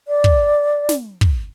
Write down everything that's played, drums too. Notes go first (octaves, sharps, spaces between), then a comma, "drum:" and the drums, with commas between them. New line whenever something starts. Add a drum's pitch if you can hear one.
D5
drum: kick
drum: snare
drum: kick